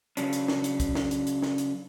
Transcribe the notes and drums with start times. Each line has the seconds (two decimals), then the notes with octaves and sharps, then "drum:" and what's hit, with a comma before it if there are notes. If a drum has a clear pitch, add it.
0.17 C#3 F#3 C#4 D4, drum: hi-hat
0.33 drum: hi-hat
0.48 drum: snare
0.64 drum: hi-hat
0.80 drum: kick, hi-hat
0.95 drum: snare
1.11 drum: hi-hat
1.27 drum: hi-hat
1.42 drum: snare
1.58 drum: hi-hat